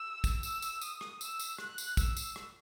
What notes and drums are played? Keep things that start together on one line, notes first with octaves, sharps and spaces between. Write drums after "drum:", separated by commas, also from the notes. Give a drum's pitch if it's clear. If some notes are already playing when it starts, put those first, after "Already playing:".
Already playing: E6
drum: kick, tambourine
E6, drum: tambourine
drum: tambourine
D#6, drum: tambourine
drum: rim click
E6, drum: tambourine
drum: tambourine
F#6, drum: rim click
drum: tambourine
E6, drum: kick, tambourine
drum: tambourine
drum: rim click